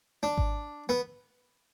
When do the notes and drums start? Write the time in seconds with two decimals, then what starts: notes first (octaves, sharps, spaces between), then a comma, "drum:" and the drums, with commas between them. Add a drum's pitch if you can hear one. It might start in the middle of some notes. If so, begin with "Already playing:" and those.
0.23 D4
0.38 drum: kick G#1
0.89 B3